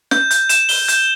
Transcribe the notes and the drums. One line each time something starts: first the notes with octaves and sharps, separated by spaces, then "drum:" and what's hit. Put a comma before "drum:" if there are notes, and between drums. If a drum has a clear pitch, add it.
G6, drum: snare
G6, drum: hi-hat
E7, drum: hi-hat
G7, drum: open hi-hat
G6, drum: hi-hat